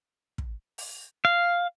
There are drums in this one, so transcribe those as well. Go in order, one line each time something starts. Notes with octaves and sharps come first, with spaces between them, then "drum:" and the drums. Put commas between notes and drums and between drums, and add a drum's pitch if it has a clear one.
drum: kick
drum: open hi-hat
F5